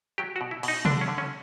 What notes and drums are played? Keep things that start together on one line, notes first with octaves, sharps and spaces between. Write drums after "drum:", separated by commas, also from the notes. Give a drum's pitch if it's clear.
F#3 G4
F#4
B2
E4
B2 D#4, drum: cymbal
D3 D4, drum: tom C3
C#4
D3
C#4